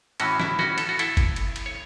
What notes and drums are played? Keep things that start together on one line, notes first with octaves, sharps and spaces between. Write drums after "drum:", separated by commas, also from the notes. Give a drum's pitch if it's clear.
A2 E3 C#4 F#4, drum: cymbal
E4, drum: snare
C#4 F#4, drum: snare
A4, drum: cymbal
F#4
E4 A4, drum: cymbal
drum: kick, cymbal
drum: cymbal
drum: cymbal
C#5